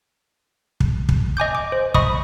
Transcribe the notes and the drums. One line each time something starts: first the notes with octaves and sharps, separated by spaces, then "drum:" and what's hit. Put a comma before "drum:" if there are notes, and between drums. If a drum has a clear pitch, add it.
drum: kick
drum: kick
D#5 G#5 D6 G6
D6
C5
D#5 B5 C#6 D#6, drum: kick